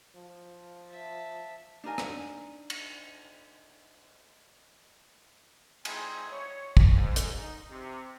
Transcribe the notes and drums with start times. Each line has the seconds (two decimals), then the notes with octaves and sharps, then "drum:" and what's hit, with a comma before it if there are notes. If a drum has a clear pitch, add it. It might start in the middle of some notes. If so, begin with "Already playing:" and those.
0.16 F3
0.87 E5 A5
1.84 D4 D#4 A#4 G#5
1.98 drum: rim click
2.70 drum: cymbal
5.85 G#3 C4 D#4 E4 G#4 G#5, drum: cymbal
6.31 C#5
6.77 drum: kick
6.93 G#2
7.16 drum: hi-hat
7.38 D#4
7.70 C3